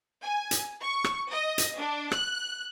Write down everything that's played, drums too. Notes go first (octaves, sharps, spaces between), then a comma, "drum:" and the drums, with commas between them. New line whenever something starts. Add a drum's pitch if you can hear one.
G#5
drum: hi-hat
C#6
drum: rim click
D#5
drum: hi-hat
D4
F#6, drum: rim click